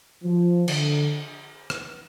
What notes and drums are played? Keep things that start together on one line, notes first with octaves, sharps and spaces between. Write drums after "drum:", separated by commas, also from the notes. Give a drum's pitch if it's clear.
F3
D3, drum: cymbal
drum: rim click